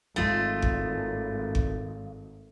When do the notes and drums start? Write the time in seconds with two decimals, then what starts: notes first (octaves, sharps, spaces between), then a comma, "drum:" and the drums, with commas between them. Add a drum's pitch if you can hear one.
0.16 G#1 G#3 A3 F4
0.62 drum: kick G1
1.55 drum: kick G1